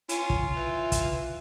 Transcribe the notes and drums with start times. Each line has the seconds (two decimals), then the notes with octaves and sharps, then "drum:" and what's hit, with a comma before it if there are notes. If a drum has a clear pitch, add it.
0.09 C#4 F4, drum: hi-hat
0.30 drum: kick
0.56 E3
0.92 drum: kick, hi-hat